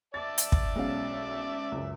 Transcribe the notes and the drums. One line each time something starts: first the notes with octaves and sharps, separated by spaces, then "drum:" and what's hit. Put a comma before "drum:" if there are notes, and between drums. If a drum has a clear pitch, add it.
D5 E5 A5 D6 A6
drum: hi-hat
drum: kick
B1 G#3 C#4 F5
C#2 F#2